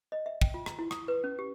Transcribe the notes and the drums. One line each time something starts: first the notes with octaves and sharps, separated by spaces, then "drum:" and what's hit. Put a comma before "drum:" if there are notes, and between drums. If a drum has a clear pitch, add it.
D#5
E5
G5, drum: kick
F4
A#5, drum: rim click
E4
D#6, drum: rim click
B4
C#4
G4